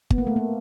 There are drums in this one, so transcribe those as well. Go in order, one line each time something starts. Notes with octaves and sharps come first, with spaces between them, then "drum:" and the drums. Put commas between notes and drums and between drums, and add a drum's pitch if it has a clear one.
B3, drum: kick G1
A#3
A3
A#3